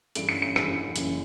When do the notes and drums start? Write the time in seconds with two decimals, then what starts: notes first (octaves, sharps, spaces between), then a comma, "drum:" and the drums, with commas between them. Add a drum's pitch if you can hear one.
0.15 G2 E3 A3 D7, drum: hi-hat
0.29 C#7
0.42 C#7
0.56 G2 E3 A3 C#7, drum: rim click
0.96 F#1 F#2 C#3 E3, drum: hi-hat